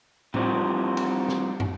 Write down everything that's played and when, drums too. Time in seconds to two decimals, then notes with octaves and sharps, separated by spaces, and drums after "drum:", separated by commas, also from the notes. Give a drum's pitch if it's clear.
0.34 C3 E3 F3 G3 C4, drum: tom
0.97 drum: cymbal
1.28 drum: snare
1.60 drum: tom